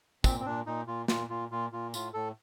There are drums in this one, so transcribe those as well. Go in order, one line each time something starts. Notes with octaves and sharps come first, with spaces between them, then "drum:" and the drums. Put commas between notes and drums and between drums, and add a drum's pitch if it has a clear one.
A#2 C4, drum: kick, tambourine
C4
A#2 D4
A#2 D#4
A#2 F4
A#2 F4, drum: snare
A#2 F4
A#2 F4
A#2 F4
A2 F4, drum: tambourine
A2 A4